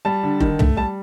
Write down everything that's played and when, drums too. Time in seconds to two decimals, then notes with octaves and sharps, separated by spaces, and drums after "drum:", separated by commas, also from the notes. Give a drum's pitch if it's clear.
0.05 G3 A5
0.23 D3
0.40 D#3, drum: kick F1
0.59 A3, drum: tom
0.77 G3 A5